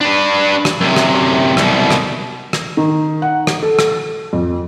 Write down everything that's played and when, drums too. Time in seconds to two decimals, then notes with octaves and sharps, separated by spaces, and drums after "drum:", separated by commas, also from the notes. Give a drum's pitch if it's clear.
0.01 D4 B4
0.65 drum: rim click
0.81 F#2 C3
0.96 drum: rim click
1.57 C2 B2, drum: rim click
1.91 drum: rim click
2.53 drum: rim click
2.77 D#3
3.22 F#5
3.47 drum: rim click
3.63 A4
3.79 drum: rim click
4.33 F2